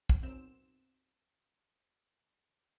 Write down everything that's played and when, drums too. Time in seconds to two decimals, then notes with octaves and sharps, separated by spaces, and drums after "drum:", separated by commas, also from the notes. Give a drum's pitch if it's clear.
0.09 drum: kick
0.22 B1 F#2 C4 E7